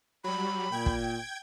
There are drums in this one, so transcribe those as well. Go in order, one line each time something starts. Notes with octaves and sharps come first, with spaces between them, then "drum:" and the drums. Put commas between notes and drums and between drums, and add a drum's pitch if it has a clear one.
F#3 G3 B5
A#2 G5 G#6
drum: kick